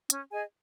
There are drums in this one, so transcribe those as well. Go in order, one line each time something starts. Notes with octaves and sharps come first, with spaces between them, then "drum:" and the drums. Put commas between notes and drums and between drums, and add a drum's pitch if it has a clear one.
C#4, drum: hi-hat
G#4 D#5 G#5